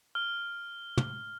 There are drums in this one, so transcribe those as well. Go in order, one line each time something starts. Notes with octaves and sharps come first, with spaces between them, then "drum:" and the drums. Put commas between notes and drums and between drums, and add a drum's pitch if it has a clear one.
F6
drum: tom